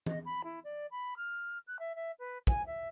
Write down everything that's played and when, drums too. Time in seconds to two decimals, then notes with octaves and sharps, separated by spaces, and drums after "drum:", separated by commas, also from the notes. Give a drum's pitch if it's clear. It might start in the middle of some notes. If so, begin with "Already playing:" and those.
0.06 D#5, drum: tom E3
0.25 B5
0.44 E4
0.64 D5
0.91 B5
1.16 F6
1.67 F#6
1.79 E5
1.95 E5
2.19 B4
2.47 G#5, drum: kick
2.66 E5